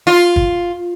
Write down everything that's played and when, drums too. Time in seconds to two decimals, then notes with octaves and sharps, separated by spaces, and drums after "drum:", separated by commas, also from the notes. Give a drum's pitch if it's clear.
0.07 F4
0.36 drum: kick